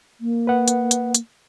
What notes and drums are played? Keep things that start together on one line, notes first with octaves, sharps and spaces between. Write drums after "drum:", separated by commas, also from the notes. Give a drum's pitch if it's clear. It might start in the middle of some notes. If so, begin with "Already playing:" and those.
A#3
B4 F#5
drum: hi-hat
drum: hi-hat
drum: hi-hat